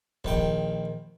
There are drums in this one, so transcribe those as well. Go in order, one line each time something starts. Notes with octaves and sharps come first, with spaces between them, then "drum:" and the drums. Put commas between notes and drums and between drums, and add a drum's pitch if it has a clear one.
A#1 D#3 G5, drum: kick